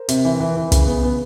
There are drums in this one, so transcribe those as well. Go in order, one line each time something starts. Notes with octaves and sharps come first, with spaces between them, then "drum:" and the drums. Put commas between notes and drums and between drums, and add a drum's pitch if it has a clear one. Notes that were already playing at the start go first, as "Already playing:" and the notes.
Already playing: A#4 C5
C3, drum: hi-hat
E3
E3
E3
C#3, drum: kick, hi-hat
B3
B3